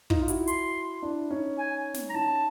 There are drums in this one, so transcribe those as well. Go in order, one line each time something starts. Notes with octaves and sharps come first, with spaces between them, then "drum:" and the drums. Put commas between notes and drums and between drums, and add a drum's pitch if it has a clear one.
D#4 F4, drum: kick
F4
E4 F#4, drum: hi-hat
C6, drum: hi-hat
D4 E4
C#4 D#4
G#5
drum: snare
A#5
C#4 D#4 A5